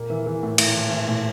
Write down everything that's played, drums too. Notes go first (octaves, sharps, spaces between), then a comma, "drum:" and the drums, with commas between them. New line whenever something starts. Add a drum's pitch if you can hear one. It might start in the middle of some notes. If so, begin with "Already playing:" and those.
Already playing: A#2 A#3
E3
E3
A2
A2, drum: cymbal
E3
E3
A2